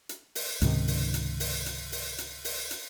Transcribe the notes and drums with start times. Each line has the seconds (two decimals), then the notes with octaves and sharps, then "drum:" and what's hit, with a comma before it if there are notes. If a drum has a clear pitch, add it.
0.09 drum: hi-hat
0.35 drum: open hi-hat
0.61 C#2 G#2 C3 D#3, drum: hi-hat
0.88 drum: open hi-hat
1.14 drum: hi-hat
1.40 drum: open hi-hat
1.66 drum: hi-hat
1.92 drum: open hi-hat
2.18 drum: hi-hat
2.45 drum: open hi-hat
2.71 drum: hi-hat